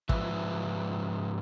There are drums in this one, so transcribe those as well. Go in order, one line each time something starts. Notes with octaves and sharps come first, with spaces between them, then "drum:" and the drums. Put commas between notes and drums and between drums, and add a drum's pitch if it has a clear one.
G#2 F3 B4 E5, drum: kick